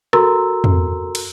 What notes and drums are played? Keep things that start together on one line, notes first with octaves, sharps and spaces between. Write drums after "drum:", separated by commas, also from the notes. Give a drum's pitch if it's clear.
F#4 A4 A#4 A#5 C6 E6, drum: rim click
drum: tom
drum: cymbal